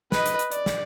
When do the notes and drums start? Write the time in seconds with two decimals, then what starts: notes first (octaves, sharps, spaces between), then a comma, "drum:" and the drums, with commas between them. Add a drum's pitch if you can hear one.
0.12 B4 D#5, drum: snare
0.26 drum: hi-hat
0.39 drum: hi-hat
0.52 D5, drum: hi-hat
0.66 drum: snare